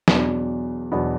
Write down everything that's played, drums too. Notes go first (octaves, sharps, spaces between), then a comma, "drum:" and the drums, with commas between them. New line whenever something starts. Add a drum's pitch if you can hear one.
E2 B2 F#3 B3 D4, drum: snare
E2 B2 F#3 B3 D4